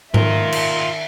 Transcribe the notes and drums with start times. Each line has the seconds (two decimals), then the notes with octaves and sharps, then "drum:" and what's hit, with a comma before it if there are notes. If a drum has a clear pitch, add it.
0.14 D#3 F4 A#4 E5, drum: tom G#2
0.52 drum: cymbal